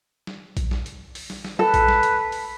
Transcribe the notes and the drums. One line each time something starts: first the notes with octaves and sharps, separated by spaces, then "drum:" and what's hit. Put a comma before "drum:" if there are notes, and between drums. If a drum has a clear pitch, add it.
drum: snare
drum: kick A#1, hi-hat
drum: snare
drum: hi-hat
drum: open hi-hat
drum: snare
drum: snare
A4 B4
drum: kick A#1, hi-hat
drum: snare
drum: hi-hat
drum: open hi-hat